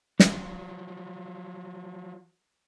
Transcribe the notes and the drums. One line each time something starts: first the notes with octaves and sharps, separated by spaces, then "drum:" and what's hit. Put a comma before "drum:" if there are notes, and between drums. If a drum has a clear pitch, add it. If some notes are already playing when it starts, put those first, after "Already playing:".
F3 F#3, drum: snare